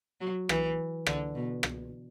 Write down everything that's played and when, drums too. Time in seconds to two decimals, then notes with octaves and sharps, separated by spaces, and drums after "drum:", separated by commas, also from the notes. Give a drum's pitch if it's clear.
0.21 F#3
0.49 E3, drum: rim click
1.06 D3, drum: rim click
1.35 B2
1.63 drum: rim click